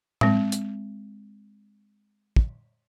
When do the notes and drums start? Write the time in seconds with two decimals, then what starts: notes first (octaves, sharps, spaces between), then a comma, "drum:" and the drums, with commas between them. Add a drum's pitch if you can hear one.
0.21 G#3 C4, drum: tom A2
0.52 drum: hi-hat
2.36 drum: kick